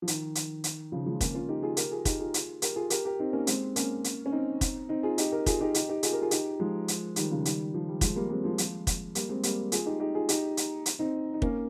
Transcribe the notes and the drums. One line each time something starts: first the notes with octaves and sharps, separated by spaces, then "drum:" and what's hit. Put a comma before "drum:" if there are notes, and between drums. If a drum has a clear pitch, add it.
F3
D#3, drum: hi-hat
drum: hi-hat
drum: hi-hat
C#3 F3
F3 G#3
A#3 C#4, drum: kick, hi-hat
C#4 F4
D#4 G4
F4 G#4
G4 A#4, drum: hi-hat
F4 G#4
D#4 G4, drum: kick, hi-hat
F4 G#4
drum: hi-hat
G4 A#4, drum: hi-hat
F4 G#4
G4 A#4, drum: hi-hat
G4 A#4
C4 D#4
A#3 C#4
G#3 C4, drum: hi-hat
A#3 C#4, drum: hi-hat
drum: hi-hat
C#4
C4 D#4
drum: kick, hi-hat
C4 D#4
F4 G#4
D#4 G4, drum: hi-hat
G4 A#4
F4 G#4, drum: kick, hi-hat
D#4 G4
D#4 G4, drum: hi-hat
D#4 G4
F4 G#4, drum: hi-hat
G4 A#4
F4 G#4
D#4 G4, drum: hi-hat
F3 G#3
drum: hi-hat
D#3 G3, drum: hi-hat
C#3 F3
D#3 G3, drum: hi-hat
F3
G3
F3 G#3, drum: kick, hi-hat
G3 A#3
G#3 C4
F3 G#3
F3 G#3, drum: hi-hat
drum: kick, hi-hat
G3 A#3, drum: hi-hat
G#3 C4
G3 A#3, drum: hi-hat
F4 G#4, drum: hi-hat
D#4 G4
D#4 G4
F4 G#4
D#4 G4, drum: hi-hat
drum: hi-hat
drum: hi-hat
C4 D#4
D#4
A#3 C#4, drum: kick